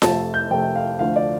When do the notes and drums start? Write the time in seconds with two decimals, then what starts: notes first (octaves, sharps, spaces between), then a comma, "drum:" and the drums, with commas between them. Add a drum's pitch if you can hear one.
0.02 F2 C3 A3 A5, drum: snare F4
0.34 G6
0.51 F2 C3 A3 G5
0.76 F5
0.99 D2 D3 F3 A3 F5
1.16 D5